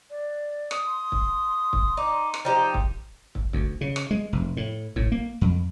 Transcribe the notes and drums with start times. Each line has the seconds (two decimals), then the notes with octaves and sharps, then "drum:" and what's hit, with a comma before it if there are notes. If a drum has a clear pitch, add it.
0.10 D5
0.71 D#6, drum: rim click
0.86 C6
1.12 drum: kick
1.73 drum: kick
1.97 D#4 D6
2.34 drum: rim click
2.45 F3 D#4 G4 G5
2.74 drum: kick
3.35 drum: kick
3.53 D2, drum: kick
3.81 C#3
3.96 drum: rim click
4.11 G#3
4.33 F1
4.57 A2
4.96 A2, drum: kick
5.12 A#3
5.41 F2